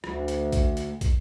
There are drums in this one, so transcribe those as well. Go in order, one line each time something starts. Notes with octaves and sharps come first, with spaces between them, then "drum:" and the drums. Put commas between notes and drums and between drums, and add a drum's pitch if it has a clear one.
D2, drum: rim click
drum: hi-hat
drum: kick, hi-hat
drum: hi-hat
drum: kick, hi-hat